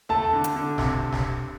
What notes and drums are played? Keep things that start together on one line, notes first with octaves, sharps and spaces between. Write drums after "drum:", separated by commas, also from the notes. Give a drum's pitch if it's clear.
A3 A5
D3
drum: hi-hat
D3
C3, drum: snare
drum: snare